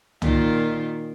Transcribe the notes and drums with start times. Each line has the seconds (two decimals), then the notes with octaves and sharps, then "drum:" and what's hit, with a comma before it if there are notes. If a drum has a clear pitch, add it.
0.22 A#2 D#3 F4, drum: tom